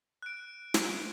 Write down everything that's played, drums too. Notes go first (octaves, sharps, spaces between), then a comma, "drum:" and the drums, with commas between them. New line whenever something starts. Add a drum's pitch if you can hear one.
F#6 D7
drum: snare